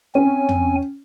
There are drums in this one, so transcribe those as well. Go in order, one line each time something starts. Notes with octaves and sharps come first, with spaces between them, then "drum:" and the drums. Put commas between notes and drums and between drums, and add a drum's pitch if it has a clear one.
C4 C#4 G#5
drum: tom